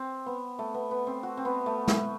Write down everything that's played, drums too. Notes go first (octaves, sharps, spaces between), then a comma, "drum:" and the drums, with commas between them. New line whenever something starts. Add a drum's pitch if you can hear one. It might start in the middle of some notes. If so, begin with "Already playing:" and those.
Already playing: C4
B3
A3
B3
B3
C4
F#4
C4
B3
A3
A3, drum: snare